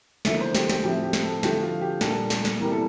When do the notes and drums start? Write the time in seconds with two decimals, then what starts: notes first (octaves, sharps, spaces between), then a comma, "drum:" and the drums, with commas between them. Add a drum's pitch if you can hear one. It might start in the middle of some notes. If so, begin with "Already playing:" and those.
0.25 E2 D3 F3 A#3 E5, drum: snare
0.41 C5
0.55 G4, drum: snare
0.69 G4, drum: snare
0.84 A2 F3 C4 E4 G4
1.03 G4
1.13 drum: snare
1.23 A4
1.43 D3 F3 A3 G4, drum: snare
1.62 F4
1.81 G4
2.01 A#2 G3 A#3 D4 A4, drum: snare
2.30 drum: snare
2.45 drum: snare
2.60 E2 C3 E3 G3 A#3 A#4
2.72 A4